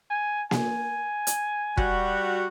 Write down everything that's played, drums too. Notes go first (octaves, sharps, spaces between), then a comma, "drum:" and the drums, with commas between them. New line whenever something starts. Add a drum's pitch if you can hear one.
G#5
G#5, drum: snare A#3
drum: hi-hat
G3 F#4, drum: kick